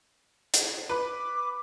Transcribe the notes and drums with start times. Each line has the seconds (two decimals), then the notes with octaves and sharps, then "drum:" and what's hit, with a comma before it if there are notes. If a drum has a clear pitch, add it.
0.54 drum: hi-hat
0.89 B4 D6